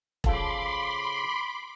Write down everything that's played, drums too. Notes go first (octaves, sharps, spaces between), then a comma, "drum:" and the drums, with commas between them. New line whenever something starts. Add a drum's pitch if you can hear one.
C#3 F3 A4 B5 C6 D6, drum: kick E1